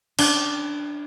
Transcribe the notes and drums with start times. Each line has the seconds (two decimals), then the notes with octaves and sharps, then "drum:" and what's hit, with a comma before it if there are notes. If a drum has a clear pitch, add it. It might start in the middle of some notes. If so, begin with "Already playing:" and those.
0.19 D4, drum: cymbal